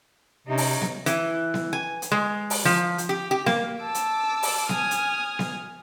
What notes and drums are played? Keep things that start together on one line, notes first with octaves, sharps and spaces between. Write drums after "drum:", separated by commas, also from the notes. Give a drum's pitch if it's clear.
C3 C#4 D#4
drum: open hi-hat
drum: snare B3
E3, drum: hi-hat
drum: snare B3
G#5
drum: hi-hat
G#3
drum: open hi-hat
F3
drum: hi-hat
G4
G4
A#3, drum: snare B3
A5 D6 E6
drum: hi-hat
drum: open hi-hat
G#5 D#6 F6, drum: snare B3
drum: hi-hat
drum: snare B3